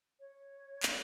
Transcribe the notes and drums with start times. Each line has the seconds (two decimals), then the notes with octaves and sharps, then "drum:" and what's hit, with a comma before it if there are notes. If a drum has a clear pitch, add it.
0.20 C#5
0.83 drum: clap